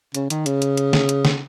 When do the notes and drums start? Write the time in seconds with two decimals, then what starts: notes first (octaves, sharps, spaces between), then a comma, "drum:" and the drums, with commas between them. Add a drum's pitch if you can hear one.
0.15 C#3, drum: hi-hat
0.30 D#3, drum: hi-hat
0.46 C#3, drum: hi-hat
0.62 drum: hi-hat
0.77 drum: hi-hat
0.93 drum: snare
1.09 drum: hi-hat
1.25 drum: snare